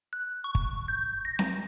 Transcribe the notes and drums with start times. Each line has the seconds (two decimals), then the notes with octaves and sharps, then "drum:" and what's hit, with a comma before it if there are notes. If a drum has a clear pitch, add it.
0.13 F#6
0.44 C#6
0.55 drum: kick
0.88 G6
1.25 A#6
1.39 drum: snare C4